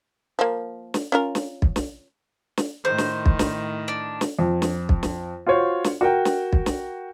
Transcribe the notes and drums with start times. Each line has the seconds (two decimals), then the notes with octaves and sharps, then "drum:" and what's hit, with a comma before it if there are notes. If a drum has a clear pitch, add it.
0.39 F3 A#3
0.94 drum: snare
1.12 C#4 F4 A#4
1.35 drum: snare
1.62 drum: kick
1.76 drum: snare
2.57 drum: snare
2.85 A2 D#3 C5
2.98 drum: snare
3.26 drum: kick
3.39 drum: snare
3.88 D4
4.21 drum: snare
4.39 F2
4.62 drum: snare
4.89 drum: kick
5.03 drum: snare
5.47 F4 F#4 C5 C#5
5.84 drum: snare
6.01 F#4 A#4 G5
6.25 drum: snare
6.53 drum: kick
6.66 drum: snare